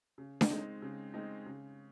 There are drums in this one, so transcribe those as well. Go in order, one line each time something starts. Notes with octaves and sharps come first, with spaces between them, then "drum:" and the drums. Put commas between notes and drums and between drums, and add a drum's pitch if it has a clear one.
C#3
drum: snare D4
G#3 C4 D#4
C#3
G#3 C4 D#4
C#3